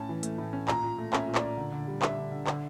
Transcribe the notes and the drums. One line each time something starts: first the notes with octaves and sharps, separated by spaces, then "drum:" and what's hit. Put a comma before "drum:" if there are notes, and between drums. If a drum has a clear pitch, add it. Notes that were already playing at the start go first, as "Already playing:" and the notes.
Already playing: A2 C#4 A5
E3
A3, drum: hi-hat
A2
C#4
A#2 A#5, drum: clap
A#2
A3
C#4 E5, drum: clap
A#2
D5, drum: clap
A#2
D3
D3
G3
D4 E5, drum: clap
D3
D3
D3, drum: clap